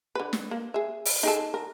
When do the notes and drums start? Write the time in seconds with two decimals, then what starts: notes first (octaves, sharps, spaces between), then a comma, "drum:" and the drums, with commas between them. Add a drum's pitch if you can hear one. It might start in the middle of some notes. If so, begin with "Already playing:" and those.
0.15 D3 B4
0.33 drum: snare
0.51 A#3
0.74 G#4 E5
1.05 drum: open hi-hat
1.23 D#4 G#4 A4
1.54 A#4